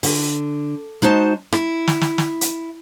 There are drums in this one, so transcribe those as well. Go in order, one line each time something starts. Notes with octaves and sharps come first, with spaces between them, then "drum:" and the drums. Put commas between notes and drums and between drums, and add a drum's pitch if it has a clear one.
D3, drum: open hi-hat
G#3 D#4 F#4 C5 A5
E4, drum: rim click
drum: snare
drum: snare
drum: snare
drum: hi-hat